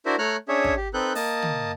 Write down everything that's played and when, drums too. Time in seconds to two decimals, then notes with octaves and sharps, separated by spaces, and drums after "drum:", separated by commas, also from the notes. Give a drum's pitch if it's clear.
0.06 D4 E4 F#4 A#4 C5 E5
0.19 A3 C#5 A#5 F6 F#6
0.48 C#4 D4 G#4 C#5 E5
0.64 drum: kick
0.77 G4
0.94 C4 D#4 A4 B4 F#6 G6
1.15 A#3 D#5 A5, drum: open hi-hat
1.42 drum: tom